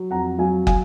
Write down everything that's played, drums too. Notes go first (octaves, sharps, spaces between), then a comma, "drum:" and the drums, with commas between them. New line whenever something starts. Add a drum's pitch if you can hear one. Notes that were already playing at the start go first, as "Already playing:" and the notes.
Already playing: F#3
F2 F#5 A#5
F#3 F5 G#5
F5 G#5, drum: kick